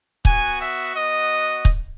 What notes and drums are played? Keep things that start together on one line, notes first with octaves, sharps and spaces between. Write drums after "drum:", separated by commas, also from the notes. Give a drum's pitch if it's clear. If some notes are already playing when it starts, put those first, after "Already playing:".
B3 F#4 G#5, drum: kick
E5
B3 D#5
F#4
drum: kick